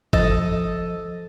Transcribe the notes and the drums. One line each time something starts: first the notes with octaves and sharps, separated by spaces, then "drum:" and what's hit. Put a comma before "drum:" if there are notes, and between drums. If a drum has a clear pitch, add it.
F3 A4 D#5, drum: kick G1